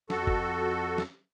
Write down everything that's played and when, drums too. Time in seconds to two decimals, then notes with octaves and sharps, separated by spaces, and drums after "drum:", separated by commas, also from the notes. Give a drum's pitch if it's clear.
0.10 F2 F#4 A4, drum: snare
0.27 drum: kick F#1
0.98 drum: snare